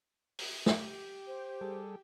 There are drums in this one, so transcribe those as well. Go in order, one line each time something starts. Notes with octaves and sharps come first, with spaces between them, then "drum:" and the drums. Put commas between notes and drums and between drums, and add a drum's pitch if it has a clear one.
drum: open hi-hat
G4, drum: snare
C5
G3 G#4 A4